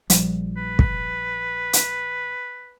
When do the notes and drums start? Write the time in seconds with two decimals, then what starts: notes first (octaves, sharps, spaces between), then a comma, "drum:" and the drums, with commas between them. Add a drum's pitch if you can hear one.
0.10 A#1 F3 G3, drum: hi-hat
0.57 B4
0.79 drum: kick
1.73 drum: hi-hat